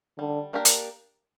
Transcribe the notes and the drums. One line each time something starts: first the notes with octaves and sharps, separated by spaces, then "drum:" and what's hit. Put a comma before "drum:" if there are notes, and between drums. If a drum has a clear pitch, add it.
D3 G3
A#3 D4 G4 A#4
drum: hi-hat